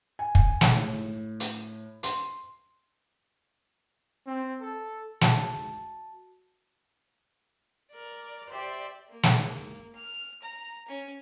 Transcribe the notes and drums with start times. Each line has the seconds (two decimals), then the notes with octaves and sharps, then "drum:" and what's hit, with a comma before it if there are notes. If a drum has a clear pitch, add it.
0.19 G#5
0.35 drum: kick
0.61 drum: snare
0.74 A2
1.40 drum: hi-hat
2.03 C6, drum: hi-hat
4.27 C4
4.61 A4
5.21 F#4 A5, drum: snare
7.91 A#4 D5
8.48 G4 C5 D5 E5
9.10 A#3
9.23 drum: snare
9.95 F6
10.42 A#5
10.88 C#4